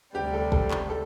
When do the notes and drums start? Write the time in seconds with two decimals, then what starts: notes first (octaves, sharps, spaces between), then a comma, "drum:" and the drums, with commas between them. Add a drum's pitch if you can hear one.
0.14 D2 C3 G3 G4
0.34 A4
0.52 A4, drum: kick
0.71 drum: clap
0.90 A4